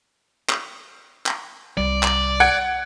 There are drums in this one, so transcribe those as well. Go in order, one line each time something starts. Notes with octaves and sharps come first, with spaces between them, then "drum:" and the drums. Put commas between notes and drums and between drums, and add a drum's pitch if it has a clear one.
drum: clap
drum: clap
C2 G3 D5
drum: clap
F#5 G#6 D7